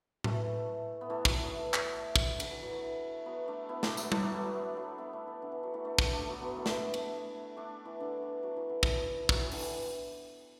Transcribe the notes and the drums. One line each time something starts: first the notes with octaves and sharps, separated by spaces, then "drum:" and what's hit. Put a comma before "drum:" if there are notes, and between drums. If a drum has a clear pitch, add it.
E3 A3, drum: tom A2
B3
E3 A3
F#3, drum: kick
E3
E3
drum: clap
drum: kick
D3, drum: cymbal
E3
F#3
E3 A3
F#3 B3
A3 D4
B3 E4
A3 D4, drum: snare
F#3 B3, drum: tambourine
A3 D4, drum: tom G3
F#3 B3
E3 A3
F#3
F#3
F#3 B3
B3 E4
A3 D4
E3 A3
D3
E3
F#3
E3 A3
A3 D4
A3 D4, drum: kick
A3 D4
F#3 B3
F#3 B3
E3 A3
drum: snare
drum: cymbal
A3 D4
E3
D3
E3
F#3
E3
D3
E3, drum: kick
F#3, drum: kick
E3
D3, drum: open hi-hat
E3